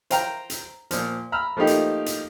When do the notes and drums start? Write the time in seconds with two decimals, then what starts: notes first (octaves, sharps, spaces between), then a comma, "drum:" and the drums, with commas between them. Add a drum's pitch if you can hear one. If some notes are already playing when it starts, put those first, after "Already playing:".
0.10 C5 F5 G5 A#5, drum: hi-hat
0.50 drum: hi-hat
0.91 A#2 F3, drum: hi-hat
1.32 A#5 B5 E6 F6
1.57 F3 A3 A#3 D#4 G4
1.67 drum: hi-hat
2.06 drum: hi-hat